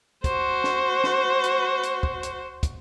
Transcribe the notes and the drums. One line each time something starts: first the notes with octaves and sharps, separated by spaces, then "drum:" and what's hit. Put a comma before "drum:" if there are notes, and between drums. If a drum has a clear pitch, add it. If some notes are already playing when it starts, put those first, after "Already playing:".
F#4 C5, drum: kick, hi-hat
drum: snare
drum: snare
drum: hi-hat
drum: hi-hat
drum: kick
drum: hi-hat
drum: kick, hi-hat